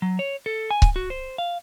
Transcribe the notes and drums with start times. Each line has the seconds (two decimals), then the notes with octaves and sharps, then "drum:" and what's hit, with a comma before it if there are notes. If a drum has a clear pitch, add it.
0.02 F#3
0.19 C#5
0.46 A4
0.71 G#5
0.82 drum: kick C#1
0.96 F#4
1.10 C5
1.38 F5